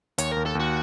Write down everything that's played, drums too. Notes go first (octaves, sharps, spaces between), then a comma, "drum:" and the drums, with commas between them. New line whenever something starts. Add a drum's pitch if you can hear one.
D#2 C#5, drum: hi-hat
A#4
D#2
A4
D#2 F#4